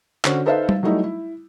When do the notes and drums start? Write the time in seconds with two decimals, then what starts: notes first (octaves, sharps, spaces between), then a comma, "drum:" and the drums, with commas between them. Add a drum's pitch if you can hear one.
0.25 D3 C#4 F#4 C5, drum: clap
0.46 D#4 A4 B4 C5 E5 F5
0.69 drum: tom G3
0.83 F#3 G3 A3 D#4 E4
1.04 E4